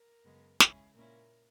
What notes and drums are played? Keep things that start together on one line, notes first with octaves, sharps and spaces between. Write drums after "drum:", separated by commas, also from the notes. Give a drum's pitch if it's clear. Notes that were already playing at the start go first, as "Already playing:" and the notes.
Already playing: A#4
F#2 C#3 G#3 B3
C#3 G#3 C#4 E4 G#4, drum: snare
A#2 A#3 C#4 E4 A#4